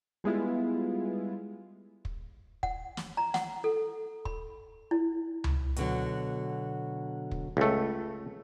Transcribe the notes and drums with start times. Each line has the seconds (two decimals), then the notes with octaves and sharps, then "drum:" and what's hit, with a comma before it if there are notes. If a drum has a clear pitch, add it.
0.24 G3 G#3 B3 E4 F4
2.05 drum: kick
2.63 F#5, drum: kick
2.97 drum: snare
3.17 A#5
3.34 F#5, drum: snare
3.64 A4
4.25 B5, drum: kick
4.91 E4
5.44 drum: tom C#2
5.76 B2 D3 F#3, drum: hi-hat
7.31 drum: kick
7.57 C#2 A3